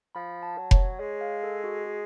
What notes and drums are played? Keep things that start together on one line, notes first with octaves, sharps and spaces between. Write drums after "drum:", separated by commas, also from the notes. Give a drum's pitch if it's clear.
F3 B5
A5
F#3
C#5, drum: kick F1
G#3 C#5
F5
A4
F#4
G#4